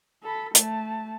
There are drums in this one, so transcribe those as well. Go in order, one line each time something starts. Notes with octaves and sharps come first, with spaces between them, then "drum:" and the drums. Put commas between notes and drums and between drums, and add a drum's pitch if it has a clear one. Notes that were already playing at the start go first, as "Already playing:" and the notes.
A4 B5
A3 A5, drum: hi-hat